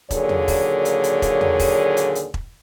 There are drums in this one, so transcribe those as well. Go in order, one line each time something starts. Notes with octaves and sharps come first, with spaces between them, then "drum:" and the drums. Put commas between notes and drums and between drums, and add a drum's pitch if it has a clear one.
D#2 A#2 D3 F#3 G#4 C#5, drum: kick E1, hi-hat
drum: tom E2
drum: kick E1, open hi-hat
drum: hi-hat
drum: hi-hat
drum: kick E1, hi-hat
drum: tom E2
drum: kick E1, open hi-hat
drum: hi-hat
drum: hi-hat
drum: kick E1